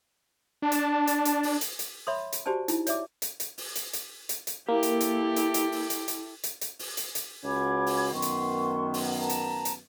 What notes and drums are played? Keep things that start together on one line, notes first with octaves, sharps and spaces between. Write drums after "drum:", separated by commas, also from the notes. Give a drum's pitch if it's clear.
D4 A5
drum: hi-hat
drum: hi-hat
drum: hi-hat
drum: open hi-hat
drum: hi-hat
drum: hi-hat
C#5 E5 B5 C6 D#6
drum: hi-hat
F#4 G4 C5 D5 G#5 A5
D#4 E4, drum: hi-hat
C#5 D5 E5 D6, drum: hi-hat
drum: hi-hat
drum: hi-hat
drum: open hi-hat
drum: hi-hat
drum: hi-hat
drum: hi-hat
drum: hi-hat
A#3 E4 G4 A4
drum: hi-hat
drum: hi-hat
drum: hi-hat
drum: hi-hat
drum: open hi-hat
drum: hi-hat
drum: hi-hat
drum: hi-hat
drum: hi-hat
drum: open hi-hat
drum: hi-hat
drum: hi-hat
C#2 C#4 F#4 B5 D6 G#6
drum: open hi-hat
F#2 D#3 B3 C6 C#6
drum: hi-hat
drum: open hi-hat
A5 A#5
drum: hi-hat
drum: hi-hat